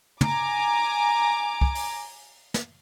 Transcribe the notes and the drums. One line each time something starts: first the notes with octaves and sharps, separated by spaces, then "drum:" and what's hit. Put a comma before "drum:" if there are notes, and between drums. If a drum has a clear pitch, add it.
G#5 A#5 D6, drum: tom
drum: kick
drum: open hi-hat
drum: snare